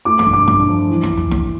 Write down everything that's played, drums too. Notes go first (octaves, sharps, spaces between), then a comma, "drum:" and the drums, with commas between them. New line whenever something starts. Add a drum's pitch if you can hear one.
A3 D6
D6, drum: snare
G2
D6
G2 D6, drum: snare
F3
E3
drum: snare
drum: tom
drum: snare